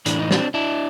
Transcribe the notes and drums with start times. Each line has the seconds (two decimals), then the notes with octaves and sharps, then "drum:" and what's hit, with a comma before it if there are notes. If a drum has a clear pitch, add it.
0.06 A2 E3 D4, drum: hi-hat
0.19 D#4
0.31 C4 D4, drum: snare
0.54 D4 E4